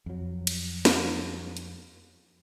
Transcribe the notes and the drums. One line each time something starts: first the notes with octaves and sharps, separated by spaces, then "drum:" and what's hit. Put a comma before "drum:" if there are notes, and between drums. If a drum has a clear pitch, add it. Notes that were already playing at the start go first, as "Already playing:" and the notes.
F2 F#3
drum: cymbal
drum: snare
drum: hi-hat